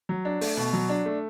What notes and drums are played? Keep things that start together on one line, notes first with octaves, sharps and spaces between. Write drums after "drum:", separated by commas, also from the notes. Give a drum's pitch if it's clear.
F#3
D4
A3, drum: open hi-hat
B2
F#3
D4
A3